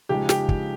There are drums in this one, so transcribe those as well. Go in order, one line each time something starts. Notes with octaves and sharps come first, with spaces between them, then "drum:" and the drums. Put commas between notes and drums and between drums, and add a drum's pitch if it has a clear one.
C#3 F3 G#3 D#4 G4 G#4
G4, drum: snare
drum: kick